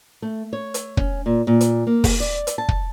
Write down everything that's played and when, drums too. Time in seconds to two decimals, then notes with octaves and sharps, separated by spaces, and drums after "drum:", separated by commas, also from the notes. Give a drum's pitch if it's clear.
0.22 A3
0.53 C#5
0.74 drum: hi-hat
0.97 C#4, drum: kick
1.26 A#2
1.47 A#2
1.61 drum: hi-hat
1.87 A#3
2.04 drum: kick, open hi-hat
2.20 D5
2.47 drum: hi-hat
2.58 A5
2.69 drum: kick